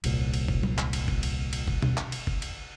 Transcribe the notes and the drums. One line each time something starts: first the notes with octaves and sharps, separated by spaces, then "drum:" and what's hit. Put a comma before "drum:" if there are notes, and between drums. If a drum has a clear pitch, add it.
D#1 C2 A#2, drum: cymbal
drum: cymbal
drum: kick
drum: tom F#3
drum: clap
drum: cymbal
drum: kick
drum: cymbal
drum: cymbal
drum: kick
drum: tom B2
drum: clap
drum: cymbal
drum: kick
drum: cymbal